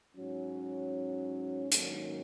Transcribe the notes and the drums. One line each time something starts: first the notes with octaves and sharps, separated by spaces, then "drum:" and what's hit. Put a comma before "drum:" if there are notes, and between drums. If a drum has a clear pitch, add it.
G#2 F#3 C#4
G#2 D#3 F#3 A#3 C#4, drum: hi-hat